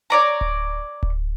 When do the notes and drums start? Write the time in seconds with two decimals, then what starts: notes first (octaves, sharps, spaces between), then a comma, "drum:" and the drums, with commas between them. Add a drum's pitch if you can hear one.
0.10 C#5 D5 A#5
0.41 drum: kick D1
1.03 drum: kick D1